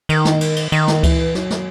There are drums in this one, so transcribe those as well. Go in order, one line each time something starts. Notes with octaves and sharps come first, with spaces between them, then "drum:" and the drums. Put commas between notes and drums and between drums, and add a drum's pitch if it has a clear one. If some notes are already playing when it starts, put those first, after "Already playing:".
D#3, drum: cymbal
drum: snare
drum: cymbal
drum: cymbal
D#3, drum: cymbal
drum: snare
E3, drum: kick C#2, cymbal
F#3, drum: snare
drum: snare